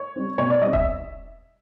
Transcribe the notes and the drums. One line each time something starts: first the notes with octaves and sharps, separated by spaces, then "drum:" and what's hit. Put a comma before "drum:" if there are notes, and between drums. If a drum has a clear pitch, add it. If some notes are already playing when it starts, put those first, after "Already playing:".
Already playing: C#5
G3 C4
B2 C#5
D5
G3 C4 D#5
E5, drum: kick E1